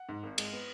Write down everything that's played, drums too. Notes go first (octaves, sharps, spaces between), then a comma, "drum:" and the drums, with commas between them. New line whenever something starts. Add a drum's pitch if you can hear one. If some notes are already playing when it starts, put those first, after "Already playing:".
Already playing: F#5
G#2
G#1
G#3, drum: cymbal
B3